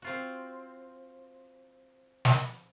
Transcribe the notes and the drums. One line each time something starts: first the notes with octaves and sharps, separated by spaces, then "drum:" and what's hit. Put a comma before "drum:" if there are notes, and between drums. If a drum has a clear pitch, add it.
C4 F4 F#4
drum: snare